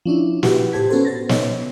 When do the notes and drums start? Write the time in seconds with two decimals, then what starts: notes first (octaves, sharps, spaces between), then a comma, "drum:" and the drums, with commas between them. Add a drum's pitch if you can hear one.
0.05 F3 C#4 D4 E4
0.43 F#4 G4 B4 F#5, drum: snare
0.72 A2 G4 C5 A5 G#6 B6
0.89 B3 C#4 F#4 A4 C5 A5
1.05 C5 A6 A#6
1.29 B3 D#4 C#5 D#5, drum: snare